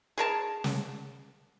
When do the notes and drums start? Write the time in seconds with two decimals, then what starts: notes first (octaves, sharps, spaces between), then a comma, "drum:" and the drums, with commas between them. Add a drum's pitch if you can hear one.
0.18 G#4 A#4 A5
0.64 drum: snare